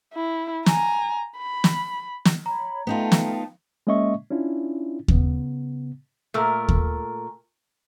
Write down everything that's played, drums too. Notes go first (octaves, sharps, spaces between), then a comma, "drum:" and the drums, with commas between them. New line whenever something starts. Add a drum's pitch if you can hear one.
E4
G#5 A#5, drum: snare
B5
drum: snare
drum: snare
C#5 A#5 B5
A3 B3 D#4 F4 G5 A5
drum: snare
G#3 A#3 C#4 D#5 E5 C#6
C#4 D4 E4 F4
C#3 B3, drum: kick D#2
A#2 A3 A#4
drum: kick D#2